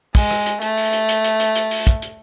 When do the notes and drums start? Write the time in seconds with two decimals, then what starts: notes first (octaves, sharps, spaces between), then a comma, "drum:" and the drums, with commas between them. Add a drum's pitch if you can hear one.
0.15 G#3, drum: kick, open hi-hat
0.31 drum: rim click
0.46 drum: hi-hat
0.62 A3, drum: hi-hat
0.77 drum: open hi-hat
0.93 drum: hi-hat
1.09 drum: hi-hat
1.24 drum: hi-hat
1.40 drum: hi-hat
1.56 drum: hi-hat
1.71 drum: open hi-hat
1.87 drum: kick, hi-hat
2.02 drum: hi-hat